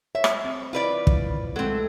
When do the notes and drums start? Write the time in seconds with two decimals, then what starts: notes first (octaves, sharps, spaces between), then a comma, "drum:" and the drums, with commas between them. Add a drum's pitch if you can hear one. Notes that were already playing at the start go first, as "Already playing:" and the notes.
0.15 C#5 E5
0.24 drum: rim click
0.45 C4
0.73 E4 F4 B4 D5
1.07 drum: kick
1.56 F#3 G#3 A3 C4 A4